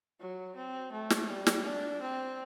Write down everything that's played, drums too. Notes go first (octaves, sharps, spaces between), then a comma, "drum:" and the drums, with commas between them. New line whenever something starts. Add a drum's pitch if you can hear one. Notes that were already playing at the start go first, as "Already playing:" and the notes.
F#3
C4
A3
drum: snare
G3
drum: snare
D4
C4